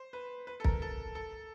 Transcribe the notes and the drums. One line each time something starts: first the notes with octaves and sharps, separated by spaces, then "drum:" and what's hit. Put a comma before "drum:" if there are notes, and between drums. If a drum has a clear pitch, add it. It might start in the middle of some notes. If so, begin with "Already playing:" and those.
Already playing: C5
B4
B4
A4
A#4, drum: kick
A4
A4